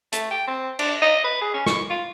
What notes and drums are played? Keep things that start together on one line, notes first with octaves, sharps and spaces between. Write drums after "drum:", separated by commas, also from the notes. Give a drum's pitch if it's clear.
A3, drum: hi-hat
G5
C4
D4, drum: cymbal
D#5
B4
G#4
C#4
C#6, drum: snare
F4